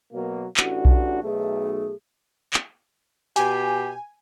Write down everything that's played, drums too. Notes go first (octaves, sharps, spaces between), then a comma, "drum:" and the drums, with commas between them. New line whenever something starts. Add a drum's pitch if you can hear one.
B2 F#3 A#3
A1 D4 F#4, drum: clap
drum: kick B1
B1 A3 G#4
drum: clap
B2 G4 G#5, drum: hi-hat